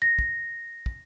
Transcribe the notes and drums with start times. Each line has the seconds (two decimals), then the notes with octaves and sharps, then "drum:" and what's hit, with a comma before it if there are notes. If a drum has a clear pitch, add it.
0.02 A#6
0.19 drum: kick
0.86 drum: kick